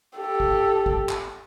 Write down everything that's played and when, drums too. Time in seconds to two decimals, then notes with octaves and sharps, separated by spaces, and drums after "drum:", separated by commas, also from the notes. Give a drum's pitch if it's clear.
0.17 G4 A4
0.40 drum: kick
0.86 drum: kick
1.09 drum: clap